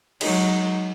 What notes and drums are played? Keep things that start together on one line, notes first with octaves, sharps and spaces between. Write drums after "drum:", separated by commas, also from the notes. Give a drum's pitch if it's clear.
F#3 G#3 D#4, drum: cymbal